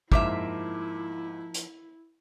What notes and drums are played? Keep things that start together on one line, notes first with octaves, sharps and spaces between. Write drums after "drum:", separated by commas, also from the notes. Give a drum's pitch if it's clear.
G#2 F3 A#3 E4 E5 D6 B6, drum: kick
drum: hi-hat